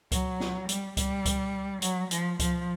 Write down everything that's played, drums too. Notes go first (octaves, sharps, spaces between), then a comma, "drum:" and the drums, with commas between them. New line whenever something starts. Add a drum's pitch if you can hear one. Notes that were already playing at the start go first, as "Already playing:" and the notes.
F#3, drum: kick C#2, hi-hat
drum: snare
G3, drum: hi-hat
G3, drum: kick C#2, hi-hat
drum: kick C#2, hi-hat
F#3, drum: hi-hat
F3, drum: hi-hat
F3, drum: kick C#2, hi-hat